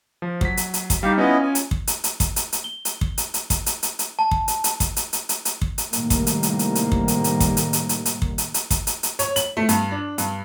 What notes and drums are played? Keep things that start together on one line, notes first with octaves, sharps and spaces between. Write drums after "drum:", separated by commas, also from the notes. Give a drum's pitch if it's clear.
F3
F#3 B6, drum: kick
drum: hi-hat
drum: hi-hat
drum: kick, hi-hat
G3 D#4 G4 F5
B3 C#4 E4 F4 D#5
G#5
drum: hi-hat
drum: kick
drum: hi-hat
drum: hi-hat
drum: kick, hi-hat
drum: hi-hat
drum: hi-hat
G7
drum: hi-hat
drum: kick
drum: hi-hat
drum: hi-hat
drum: kick, hi-hat
drum: hi-hat
drum: hi-hat
drum: hi-hat
A5
drum: kick
drum: hi-hat
drum: hi-hat
drum: kick, hi-hat
drum: hi-hat
drum: hi-hat
drum: hi-hat
drum: hi-hat
drum: kick
drum: hi-hat
A2 C3 D#3 G3 A#3, drum: hi-hat
drum: kick, hi-hat
drum: hi-hat
drum: hi-hat
drum: hi-hat
drum: hi-hat
drum: kick
drum: hi-hat
drum: hi-hat
drum: kick, hi-hat
drum: hi-hat
drum: hi-hat
drum: hi-hat
drum: hi-hat
drum: kick
drum: hi-hat
drum: hi-hat
drum: kick, hi-hat
drum: hi-hat
drum: hi-hat
C#5, drum: hi-hat
F#7, drum: hi-hat
A3
G2, drum: hi-hat
D4
G2, drum: hi-hat